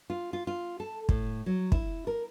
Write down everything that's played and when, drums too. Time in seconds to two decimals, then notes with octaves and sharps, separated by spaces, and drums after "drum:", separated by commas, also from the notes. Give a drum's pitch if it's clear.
0.10 F4
0.33 F4
0.47 F4
0.80 A4
1.09 A2, drum: kick
1.46 F#3
1.72 E4, drum: kick
2.07 A#4